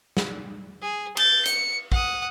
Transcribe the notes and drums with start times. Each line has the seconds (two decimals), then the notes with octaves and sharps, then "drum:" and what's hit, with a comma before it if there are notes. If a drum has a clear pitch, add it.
0.17 drum: snare
0.82 G#4
1.17 G6 A6, drum: cymbal
1.45 C#7, drum: hi-hat
1.92 F#5 D#6, drum: kick